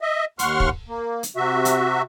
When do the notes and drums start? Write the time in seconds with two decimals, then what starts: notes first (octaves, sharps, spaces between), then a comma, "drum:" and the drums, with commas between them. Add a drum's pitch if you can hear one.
0.01 D#5 E5
0.39 D#2 F#5 C6 C#6 F6, drum: hi-hat
0.60 drum: kick
0.88 A#3
1.23 drum: hi-hat
1.36 C3 F#4 E5
1.65 drum: hi-hat